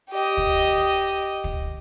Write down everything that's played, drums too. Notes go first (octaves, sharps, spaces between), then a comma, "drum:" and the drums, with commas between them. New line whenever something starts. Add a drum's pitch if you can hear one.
G4 D#5
drum: kick
drum: kick